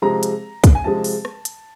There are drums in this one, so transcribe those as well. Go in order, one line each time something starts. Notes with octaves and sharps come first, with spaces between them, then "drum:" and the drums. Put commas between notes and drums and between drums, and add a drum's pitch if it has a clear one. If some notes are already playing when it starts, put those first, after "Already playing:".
C3 F3 G#3 A#5
drum: hi-hat
drum: kick, hi-hat
G#5
C3 F3 G#3 A5
drum: open hi-hat
drum: rim click
drum: hi-hat